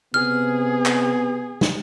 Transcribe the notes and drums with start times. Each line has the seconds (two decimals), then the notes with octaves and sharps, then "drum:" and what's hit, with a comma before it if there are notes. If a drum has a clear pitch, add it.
0.14 C3 B3 G#4 F6
0.86 drum: clap
1.61 drum: snare